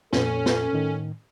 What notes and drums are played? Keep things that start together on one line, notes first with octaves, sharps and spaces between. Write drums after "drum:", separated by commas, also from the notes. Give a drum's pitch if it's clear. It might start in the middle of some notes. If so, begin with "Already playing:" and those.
F2 A#2 C#4 A4, drum: snare
drum: snare
A2 D#3